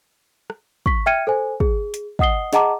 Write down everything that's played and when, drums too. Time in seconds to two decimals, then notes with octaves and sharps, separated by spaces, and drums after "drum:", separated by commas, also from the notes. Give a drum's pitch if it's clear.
0.50 drum: rim click
0.86 C#6 B6, drum: kick
1.06 E5 G5 F6 G#6 C#7 D#7
1.27 A4 C5 G#5
1.60 G#4, drum: kick
1.94 drum: hi-hat
2.19 D#5 F#5 D#6 C7 G7, drum: kick
2.53 G#4 D#5 F#5 A5 A#5 D6, drum: snare